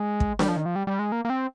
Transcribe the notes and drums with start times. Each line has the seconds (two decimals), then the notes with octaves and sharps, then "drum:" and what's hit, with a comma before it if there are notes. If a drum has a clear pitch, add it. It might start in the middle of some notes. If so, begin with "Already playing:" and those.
Already playing: G#3
0.20 drum: kick
0.39 G3, drum: snare D4
0.48 F3
0.57 D#3
0.65 F3
0.76 G3
0.87 G3
0.99 G#3
1.12 A#3
1.25 A#3
1.30 C4